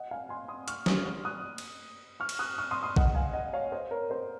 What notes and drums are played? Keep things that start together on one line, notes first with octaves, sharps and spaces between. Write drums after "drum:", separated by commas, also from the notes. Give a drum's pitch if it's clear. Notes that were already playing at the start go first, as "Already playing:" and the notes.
Already playing: D#5 F#5
F5 G#5
G#5 C6
C6 D#6
C#6 F6, drum: hi-hat
C6 D#6, drum: snare
C#6 F6
D#6 F#6
drum: cymbal
C#6 F6
drum: cymbal
D#6 F#6
C#6 F6
C6 D#6
C6 D#6
D#5 F#5, drum: kick A#1
F5 G#5
D#5 F#5
C#5 F5
C5 D#5
A#4 C#5
C5 D#5